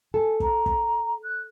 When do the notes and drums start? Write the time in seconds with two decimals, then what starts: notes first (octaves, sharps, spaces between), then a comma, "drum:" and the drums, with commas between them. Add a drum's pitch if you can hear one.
0.14 A4 G#5
0.40 A#5, drum: kick
0.66 drum: kick
1.23 F#6